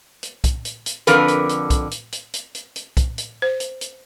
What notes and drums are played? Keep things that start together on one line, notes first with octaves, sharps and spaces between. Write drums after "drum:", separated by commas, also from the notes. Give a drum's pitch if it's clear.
drum: hi-hat
drum: kick B1, hi-hat
drum: hi-hat
drum: hi-hat
F2 D3 A#4 B4, drum: hi-hat
drum: hi-hat
drum: hi-hat
drum: kick B1, hi-hat
drum: hi-hat
drum: hi-hat
drum: hi-hat
drum: hi-hat
drum: hi-hat
drum: kick B1, hi-hat
drum: hi-hat
C5
drum: hi-hat
drum: hi-hat